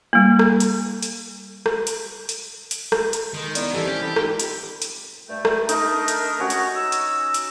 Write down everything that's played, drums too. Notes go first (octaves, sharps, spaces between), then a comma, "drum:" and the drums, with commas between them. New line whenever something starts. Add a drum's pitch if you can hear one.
G3 A#3
drum: rim click
drum: hi-hat
drum: hi-hat
drum: rim click
drum: hi-hat
drum: hi-hat
drum: hi-hat
drum: rim click
drum: hi-hat
D#3 G#3
C2 B3 D5 A#5, drum: hi-hat
C2 E3 G4 A4 D#5
C#4 G4 C5
A4 D#5 B5
G#2 F4, drum: rim click
drum: hi-hat
drum: hi-hat
G2 A3 G5
drum: rim click
A3 D4 D#4 A#4 D#5, drum: hi-hat
drum: hi-hat
C#4 F#4 C#5
drum: hi-hat
E6
drum: hi-hat
drum: hi-hat